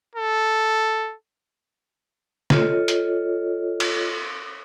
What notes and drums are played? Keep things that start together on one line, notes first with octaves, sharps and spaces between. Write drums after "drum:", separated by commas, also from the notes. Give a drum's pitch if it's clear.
A4
F4 A4 C#5 D#5, drum: snare
drum: hi-hat
drum: cymbal